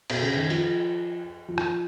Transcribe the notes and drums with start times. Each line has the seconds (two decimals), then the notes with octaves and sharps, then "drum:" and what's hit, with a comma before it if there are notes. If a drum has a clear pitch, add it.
0.10 B2, drum: cymbal
0.22 C#3
0.37 D#3
0.50 F3, drum: hi-hat
1.48 F3
1.58 drum: rim click